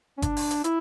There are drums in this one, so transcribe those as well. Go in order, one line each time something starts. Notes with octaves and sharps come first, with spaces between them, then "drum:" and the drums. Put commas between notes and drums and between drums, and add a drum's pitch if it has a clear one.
C#4
D4, drum: kick G1, hi-hat
drum: open hi-hat
drum: hi-hat
E4, drum: hi-hat